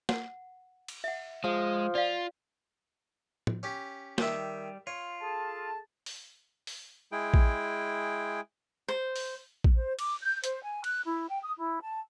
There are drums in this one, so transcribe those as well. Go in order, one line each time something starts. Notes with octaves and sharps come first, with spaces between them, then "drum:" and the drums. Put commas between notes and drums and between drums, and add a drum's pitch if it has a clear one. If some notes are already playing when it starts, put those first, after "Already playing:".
F#5, drum: snare
drum: cymbal
E5 F#5
F3 G#3 A5
F4 D5 F5
drum: tom
C#4 G4
D#3 G3 E5, drum: snare
F4 C#5
G#4 A4 A5
drum: open hi-hat
drum: open hi-hat
G#3 E4 G#4 G5
drum: kick
C5
drum: open hi-hat
drum: kick
C5
D6, drum: cymbal
G6
C5, drum: hi-hat
G#5
F#6, drum: cymbal
E4
G5
D#6
E4
A5